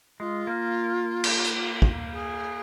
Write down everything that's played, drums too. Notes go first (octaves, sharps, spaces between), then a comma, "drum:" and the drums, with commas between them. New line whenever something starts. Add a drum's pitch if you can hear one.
G#3 F4
A#3
drum: cymbal
drum: hi-hat
drum: kick
G#4